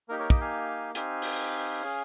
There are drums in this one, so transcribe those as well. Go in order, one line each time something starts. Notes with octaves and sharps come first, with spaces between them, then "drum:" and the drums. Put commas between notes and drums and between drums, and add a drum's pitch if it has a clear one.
A#3 D#4 G4 A#4
A#4 C#5
D#5 G5, drum: kick
F5 G#5
C4 D#4 G4 F5 G#5, drum: hi-hat
drum: open hi-hat
C#4 G#4